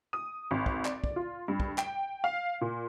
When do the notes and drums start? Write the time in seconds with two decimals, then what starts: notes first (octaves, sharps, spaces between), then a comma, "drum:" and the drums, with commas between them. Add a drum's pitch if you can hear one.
0.13 D#6
0.51 G#1
0.66 drum: kick
0.85 D5, drum: clap
1.04 drum: kick
1.16 F4
1.48 G2
1.60 drum: kick
1.78 G5, drum: clap
2.24 F5
2.61 A#2